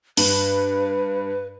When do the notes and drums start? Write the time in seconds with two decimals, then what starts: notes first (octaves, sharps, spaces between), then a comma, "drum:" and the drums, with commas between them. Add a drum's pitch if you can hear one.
0.17 G2 B4, drum: open hi-hat